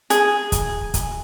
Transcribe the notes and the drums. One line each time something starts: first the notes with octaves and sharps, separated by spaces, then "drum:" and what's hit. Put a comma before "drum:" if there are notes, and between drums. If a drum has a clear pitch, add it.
G#4, drum: hi-hat
drum: kick, hi-hat
drum: kick, hi-hat